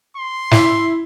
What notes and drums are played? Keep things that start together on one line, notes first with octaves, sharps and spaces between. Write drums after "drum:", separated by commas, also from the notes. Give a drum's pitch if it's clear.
C6
E4, drum: snare